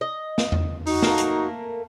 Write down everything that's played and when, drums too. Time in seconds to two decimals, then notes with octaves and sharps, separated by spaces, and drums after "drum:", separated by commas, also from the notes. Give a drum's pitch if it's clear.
0.01 D#5
0.38 drum: snare
0.52 drum: tom E2
0.87 D#4 F#4, drum: open hi-hat
1.02 A3 A#3 A#4, drum: snare
1.18 drum: hi-hat